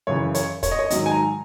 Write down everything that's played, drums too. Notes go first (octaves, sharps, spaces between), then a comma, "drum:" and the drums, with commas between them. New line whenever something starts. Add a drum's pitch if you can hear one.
F#2 C#3 E3 C#5
C#5, drum: hi-hat
C#5, drum: kick, hi-hat
D#5
C#5
G#2 D#3 F#3 D#5, drum: hi-hat
G#5
A#5